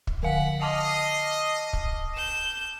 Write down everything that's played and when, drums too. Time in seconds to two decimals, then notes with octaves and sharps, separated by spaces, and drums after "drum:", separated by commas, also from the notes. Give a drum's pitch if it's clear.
0.07 drum: kick
0.23 D3 F5 F#5 B6
0.62 D#5 A5 D6 F6 C7
1.73 drum: kick
2.15 G6 E7